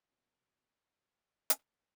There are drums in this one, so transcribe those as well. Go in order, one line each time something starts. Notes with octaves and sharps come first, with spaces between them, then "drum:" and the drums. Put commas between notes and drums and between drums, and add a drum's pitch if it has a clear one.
B2 F#3 A#3 C#4
drum: hi-hat
A#3